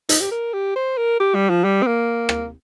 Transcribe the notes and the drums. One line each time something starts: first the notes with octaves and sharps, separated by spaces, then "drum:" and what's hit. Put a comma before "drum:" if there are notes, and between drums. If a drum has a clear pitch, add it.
D#4, drum: hi-hat
G4
A#4
G4
C5
A#4
G4
G3
F3
G3
C4
A#3
drum: rim click